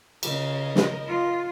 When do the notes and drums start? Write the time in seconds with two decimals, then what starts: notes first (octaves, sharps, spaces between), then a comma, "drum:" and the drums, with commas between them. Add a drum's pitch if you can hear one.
0.23 C#3 A#4 D#5, drum: cymbal
0.75 drum: snare
1.07 F4